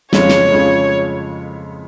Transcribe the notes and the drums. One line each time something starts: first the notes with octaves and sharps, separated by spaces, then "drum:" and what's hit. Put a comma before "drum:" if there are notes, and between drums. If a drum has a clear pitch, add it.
F2 C#3 F3 G#3 C#5, drum: snare
drum: snare
F2 C#3 F3 G#3